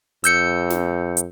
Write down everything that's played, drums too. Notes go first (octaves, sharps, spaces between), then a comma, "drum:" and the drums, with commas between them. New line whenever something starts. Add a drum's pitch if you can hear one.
F2 E6 G6 C#7, drum: hi-hat
drum: snare
drum: hi-hat